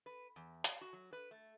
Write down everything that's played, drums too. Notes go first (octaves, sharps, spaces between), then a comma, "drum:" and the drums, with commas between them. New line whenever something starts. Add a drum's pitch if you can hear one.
B4
E2
F5, drum: hi-hat
F#4
F#3
B4
A3